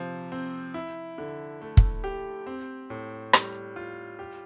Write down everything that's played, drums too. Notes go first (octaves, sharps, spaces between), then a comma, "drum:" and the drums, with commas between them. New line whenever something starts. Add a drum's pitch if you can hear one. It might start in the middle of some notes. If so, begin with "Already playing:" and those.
Already playing: C3 F3
C4
E4
D3
A3
drum: kick
G4
C4
A2
G3, drum: rim click
F4
G4